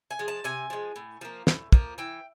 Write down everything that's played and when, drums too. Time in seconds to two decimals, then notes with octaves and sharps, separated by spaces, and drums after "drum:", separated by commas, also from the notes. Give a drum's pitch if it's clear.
0.11 G#5
0.19 F3 G#3
0.28 A5
0.44 C3 G#5
0.70 F3 G#3
0.96 A2
1.21 F3 A#3
1.47 A2, drum: snare
1.72 F3 A#3, drum: kick
1.98 E3 G5